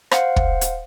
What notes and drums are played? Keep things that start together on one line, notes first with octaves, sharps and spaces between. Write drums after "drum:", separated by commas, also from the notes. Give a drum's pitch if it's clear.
C5 F5 F#5, drum: rim click
drum: kick
drum: hi-hat